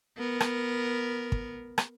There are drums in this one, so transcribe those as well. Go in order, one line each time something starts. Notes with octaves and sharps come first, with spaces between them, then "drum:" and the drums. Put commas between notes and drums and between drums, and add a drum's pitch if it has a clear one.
B3 A#4
drum: rim click
drum: kick
drum: rim click